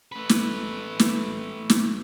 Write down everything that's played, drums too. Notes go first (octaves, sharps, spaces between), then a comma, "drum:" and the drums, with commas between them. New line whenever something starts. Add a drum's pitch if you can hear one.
A3 B4
drum: snare
drum: snare
drum: snare